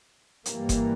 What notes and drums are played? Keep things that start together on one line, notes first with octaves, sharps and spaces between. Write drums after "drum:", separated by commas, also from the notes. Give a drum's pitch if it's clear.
G2 E3 G3 A#3, drum: hi-hat
drum: kick F#1, hi-hat